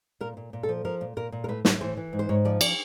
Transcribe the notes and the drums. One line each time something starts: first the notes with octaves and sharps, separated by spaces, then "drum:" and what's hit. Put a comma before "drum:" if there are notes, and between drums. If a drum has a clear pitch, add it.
A#2 A#4
A#2
A#2
A4
F3
F3 A#4
A#2
A#2 A#4
A#2
A#4
A2 B4
A2, drum: snare
E3 C5
E3
G#2
C5
G#2 C#5
F3 D5
D5, drum: cymbal